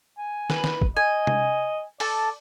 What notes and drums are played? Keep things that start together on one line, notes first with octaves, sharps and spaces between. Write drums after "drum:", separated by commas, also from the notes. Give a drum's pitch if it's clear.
G#5
B4, drum: snare
drum: snare
drum: kick
D#5 G#5
drum: tom C3
A4 D5 A5, drum: open hi-hat